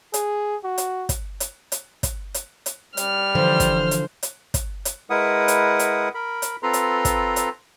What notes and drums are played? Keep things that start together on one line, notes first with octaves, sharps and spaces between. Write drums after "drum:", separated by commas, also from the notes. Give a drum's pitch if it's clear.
G#4, drum: hi-hat
F#4
drum: hi-hat
drum: kick, hi-hat
drum: hi-hat
drum: hi-hat
drum: kick, hi-hat
drum: hi-hat
drum: hi-hat
G3 F6, drum: hi-hat
D3 E3 F3 C5
drum: kick, hi-hat
drum: hi-hat
drum: hi-hat
drum: kick, hi-hat
drum: hi-hat
G#3 E4 A#4 B4 F#5 D#6
drum: hi-hat
drum: hi-hat
A#4 B5
drum: hi-hat
C4 F4 A4 B4 A#5 C6
drum: hi-hat
drum: kick, hi-hat
drum: hi-hat